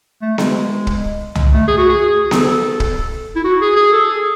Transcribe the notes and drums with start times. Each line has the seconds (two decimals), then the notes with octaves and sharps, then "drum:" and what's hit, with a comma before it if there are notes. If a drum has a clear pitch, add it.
0.22 A3
0.38 G#3, drum: snare B3
0.87 drum: kick
1.35 G#3, drum: tom
1.52 A3
1.68 G#4
1.78 F#4
1.89 G#4
2.31 A4, drum: snare B3
2.80 drum: kick
3.36 E4
3.44 F#4
3.61 G#4
3.76 G#4
3.92 A4
4.09 G#4